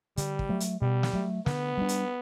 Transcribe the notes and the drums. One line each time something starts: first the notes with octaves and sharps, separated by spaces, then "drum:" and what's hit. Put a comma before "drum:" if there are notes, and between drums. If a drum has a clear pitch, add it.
D3 G3, drum: hi-hat
drum: kick
F#3 A3
drum: hi-hat
B2 G3
drum: snare
F#3 A3
D3 B3, drum: snare
G3 D4
drum: hi-hat